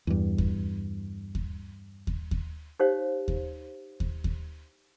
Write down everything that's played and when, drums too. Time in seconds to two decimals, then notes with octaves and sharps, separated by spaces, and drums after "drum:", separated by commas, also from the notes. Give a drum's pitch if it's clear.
0.07 E2 G2
0.38 drum: kick D#2
1.35 drum: kick D#2
2.07 drum: kick D#2
2.31 drum: kick D#2
2.80 D#4 G4 C5 C#5 F5
3.28 drum: kick D#2
4.00 drum: kick D#2
4.24 drum: kick D#2